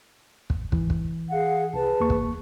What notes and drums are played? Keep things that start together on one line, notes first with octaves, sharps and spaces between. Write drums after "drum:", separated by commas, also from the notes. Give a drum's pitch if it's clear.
drum: kick
E3, drum: kick
drum: kick
G#4 F5 F#5
C2 G#4 B4 A5
E2 A#3 C#6
drum: kick